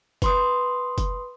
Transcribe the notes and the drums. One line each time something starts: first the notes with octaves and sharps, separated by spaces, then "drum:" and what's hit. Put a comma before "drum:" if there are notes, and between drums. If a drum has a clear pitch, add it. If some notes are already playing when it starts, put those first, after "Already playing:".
B4 C6 D#6, drum: kick F#1, hi-hat
drum: kick F#1, hi-hat